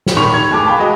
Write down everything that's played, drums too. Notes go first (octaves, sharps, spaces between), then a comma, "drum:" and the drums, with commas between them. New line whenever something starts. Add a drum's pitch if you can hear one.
drum: snare
D#1 D#3 B5 C#6 F7
G#6
F1 G#4 A5 D6
F5 G5 A5 B5
G#3 F#4 D#5